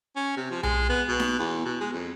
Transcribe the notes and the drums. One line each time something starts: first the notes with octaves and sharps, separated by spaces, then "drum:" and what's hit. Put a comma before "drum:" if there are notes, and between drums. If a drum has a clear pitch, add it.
C#4
C3
F3
G#3, drum: tom B1
B3
B2
drum: snare D#4
E2
B2
G#3
F2